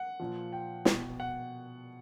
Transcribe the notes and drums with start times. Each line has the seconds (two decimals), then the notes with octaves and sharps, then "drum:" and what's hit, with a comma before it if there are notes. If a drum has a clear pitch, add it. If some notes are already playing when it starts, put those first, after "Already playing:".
Already playing: F#5
0.20 A#2 F3
0.52 G5
0.85 B2, drum: snare
1.20 F#5